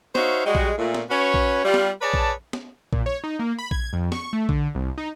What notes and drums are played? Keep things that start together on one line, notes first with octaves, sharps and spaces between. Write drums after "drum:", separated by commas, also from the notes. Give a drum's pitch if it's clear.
D#4 F#4 C5 C#5 E5 F5, drum: snare B3
G3 G#3 F#4
drum: kick A#1
A#2 A3
drum: snare B3
C#4 F#4 B4 C#5
drum: kick A#1
G3 F4
drum: snare B3
G#4 B4 C#5 D5 A5
drum: kick A#1
drum: snare B3
A#2, drum: kick A#1
C#5
D#4
A#3
B5
G#6, drum: kick A#1
F2
C#6, drum: snare B3
A3
D3, drum: kick A#1
C2
D#4